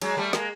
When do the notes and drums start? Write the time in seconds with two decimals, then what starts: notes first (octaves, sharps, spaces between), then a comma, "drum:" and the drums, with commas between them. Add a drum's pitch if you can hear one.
0.02 F#3 G#3, drum: cymbal
0.17 G3 A3
0.33 G#3 A#3, drum: snare